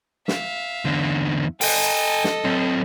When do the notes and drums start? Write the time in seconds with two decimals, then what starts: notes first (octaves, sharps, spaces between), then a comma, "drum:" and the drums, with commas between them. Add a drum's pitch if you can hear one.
0.28 E5 F5, drum: snare
0.85 E2 D3
1.61 A4 D#5 G5 G#5, drum: open hi-hat
2.24 drum: snare
2.44 F#3 C4